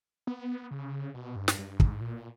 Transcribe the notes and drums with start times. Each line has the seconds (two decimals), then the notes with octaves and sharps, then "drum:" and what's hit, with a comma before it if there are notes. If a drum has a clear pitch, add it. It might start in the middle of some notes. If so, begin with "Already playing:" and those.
0.27 B3
0.71 C#3
1.14 B2
1.36 G2
1.48 drum: snare
1.58 G2
1.80 G#2, drum: kick
2.01 A#2